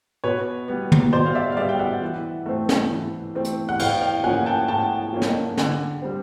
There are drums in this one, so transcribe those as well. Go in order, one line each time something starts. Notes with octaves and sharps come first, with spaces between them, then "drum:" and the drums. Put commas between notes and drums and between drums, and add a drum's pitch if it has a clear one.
B2 B4 C#5
G3 B3
drum: tom D#3
B2 C5 D5
F5
D5 E5
F5
G3 B3 D5 E5
G5
E5 F#5
E3
A3 C4
drum: snare
E3
A3 C4
drum: hi-hat
F#5
A2 F5 G5, drum: cymbal
F5 G5
F3 A#3 C#4 F#5 G#5
G5 A5
A2 G5 A5
F3 A#3 C#4
drum: snare
D3, drum: snare
G3 C4